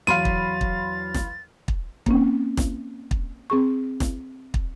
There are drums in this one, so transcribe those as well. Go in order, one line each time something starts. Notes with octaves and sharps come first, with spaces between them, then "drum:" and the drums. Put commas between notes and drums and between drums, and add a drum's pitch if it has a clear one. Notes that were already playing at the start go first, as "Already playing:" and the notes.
E2 F#3 F5 B5 C6 A6 D#7
drum: kick
drum: kick
drum: snare
drum: kick
A#3 C4 C#4, drum: kick
drum: snare
drum: kick
C4 G#4 C#6
drum: snare
drum: kick